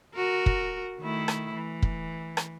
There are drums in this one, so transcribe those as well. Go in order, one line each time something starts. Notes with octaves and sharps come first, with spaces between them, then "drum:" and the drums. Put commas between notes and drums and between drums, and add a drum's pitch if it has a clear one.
F#4 A#4
drum: kick
D#3 A3 E4
drum: rim click
E3
drum: kick
drum: rim click